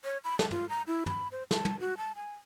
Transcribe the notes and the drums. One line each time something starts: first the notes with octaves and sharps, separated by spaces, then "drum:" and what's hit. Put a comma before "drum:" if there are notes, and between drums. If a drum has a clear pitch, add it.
C#5
B5
A5, drum: snare
F4, drum: tom
A#5
E4
B5, drum: tom
C5
A5, drum: snare
drum: tom
F#4
A5
G#5